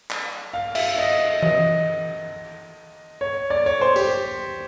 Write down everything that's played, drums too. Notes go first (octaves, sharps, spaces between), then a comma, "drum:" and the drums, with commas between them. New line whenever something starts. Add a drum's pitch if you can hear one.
drum: clap
F5
E5, drum: cymbal
D#5
D#5, drum: tom E3
C#5
D5
C#5
C5
G4, drum: tambourine